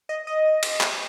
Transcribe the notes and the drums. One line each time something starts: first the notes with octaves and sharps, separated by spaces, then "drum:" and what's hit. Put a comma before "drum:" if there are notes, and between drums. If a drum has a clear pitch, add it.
D#5
D#5
drum: cymbal
drum: clap